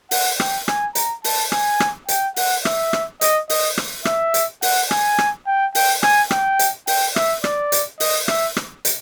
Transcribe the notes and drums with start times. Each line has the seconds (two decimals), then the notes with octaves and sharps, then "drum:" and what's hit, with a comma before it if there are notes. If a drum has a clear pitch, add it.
0.11 F#5, drum: open hi-hat
0.40 G5, drum: rim click
0.68 G#5, drum: rim click
0.95 A#5, drum: hi-hat
1.24 A5, drum: open hi-hat
1.52 G#5, drum: rim click
1.80 drum: rim click
2.08 G5, drum: hi-hat
2.36 F#5, drum: open hi-hat
2.65 E5, drum: rim click
2.93 drum: rim click
3.21 D#5, drum: hi-hat
3.50 D#5, drum: open hi-hat
3.78 drum: rim click
4.05 E5, drum: rim click
4.34 drum: hi-hat
4.62 F#5, drum: open hi-hat
4.91 G#5, drum: rim click
5.18 drum: rim click
5.47 G5
5.75 G5, drum: open hi-hat
6.03 G#5, drum: rim click
6.31 G5, drum: rim click
6.59 drum: hi-hat
6.87 G5, drum: open hi-hat
7.16 E5, drum: rim click
7.44 D5, drum: rim click
7.72 drum: hi-hat
8.00 D#5, drum: open hi-hat
8.28 E5, drum: rim click
8.57 drum: rim click
8.85 drum: hi-hat